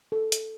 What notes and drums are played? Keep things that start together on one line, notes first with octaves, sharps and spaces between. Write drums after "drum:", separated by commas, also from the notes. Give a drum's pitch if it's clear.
A4
drum: hi-hat